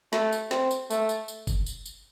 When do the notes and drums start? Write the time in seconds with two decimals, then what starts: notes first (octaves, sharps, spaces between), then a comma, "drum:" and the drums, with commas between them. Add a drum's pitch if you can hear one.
0.13 A3, drum: snare
0.32 drum: tambourine
0.51 C4, drum: snare
0.71 drum: tambourine
0.90 A3, drum: tambourine
1.09 drum: tambourine
1.28 drum: tambourine
1.47 drum: kick F#1, tambourine
1.66 drum: tambourine
1.86 drum: tambourine